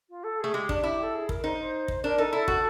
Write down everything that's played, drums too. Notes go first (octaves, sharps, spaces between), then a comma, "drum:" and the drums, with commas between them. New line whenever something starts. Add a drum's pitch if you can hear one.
F4
A4
A3 G#4
G#3 G4
D4, drum: kick
E4
A4
G#4
A#4, drum: kick
D#4 C5
C5
drum: kick
D4 A#4
D#4 A4
E4 A4
F#4, drum: kick